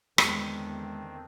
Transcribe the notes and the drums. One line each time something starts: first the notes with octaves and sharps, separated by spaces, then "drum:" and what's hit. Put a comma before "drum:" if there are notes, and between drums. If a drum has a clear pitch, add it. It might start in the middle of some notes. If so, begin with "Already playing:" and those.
E2 D3 D#3 G#3 C4 D4, drum: rim click